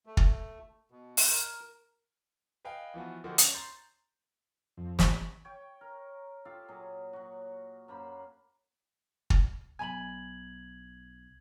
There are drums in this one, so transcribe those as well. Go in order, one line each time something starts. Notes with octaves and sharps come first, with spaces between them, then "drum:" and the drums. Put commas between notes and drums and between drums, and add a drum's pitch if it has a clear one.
A3
drum: kick
B2
drum: open hi-hat
A#4
B4 D#5 F5 G5 G#5
E3 F3 B3 F#4
D3 D#3 F3 A#3 F#4 G4
C#4, drum: hi-hat
A#5 C6 G6 A6
F2
drum: snare
C#5 G5
A#4
F4 G4 A4 F5
A#2 F#3 G#4
F#3 F#4
F#2 A#3 C5 B5
drum: kick
B1 G#5 A#5 B5 G#6 F#7